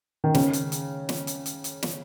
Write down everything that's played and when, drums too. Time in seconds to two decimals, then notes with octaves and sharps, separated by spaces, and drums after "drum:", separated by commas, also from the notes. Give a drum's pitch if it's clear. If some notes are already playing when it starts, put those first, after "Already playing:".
0.24 D#3
0.35 C#3, drum: snare
0.53 drum: hi-hat
0.72 drum: hi-hat
1.09 drum: snare
1.27 drum: hi-hat
1.46 drum: hi-hat
1.64 drum: hi-hat
1.83 drum: snare